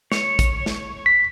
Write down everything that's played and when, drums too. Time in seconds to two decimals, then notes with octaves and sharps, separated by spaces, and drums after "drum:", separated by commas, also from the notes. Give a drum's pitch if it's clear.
0.12 C#5, drum: snare
0.39 drum: kick, hi-hat
0.66 drum: snare
1.06 B6